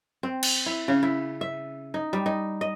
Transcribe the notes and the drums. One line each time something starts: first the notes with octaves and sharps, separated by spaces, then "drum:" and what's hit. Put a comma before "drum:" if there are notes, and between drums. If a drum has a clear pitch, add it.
C4
drum: cymbal
E4
C#3
E4
E5
D#4
G3
D#4
D#5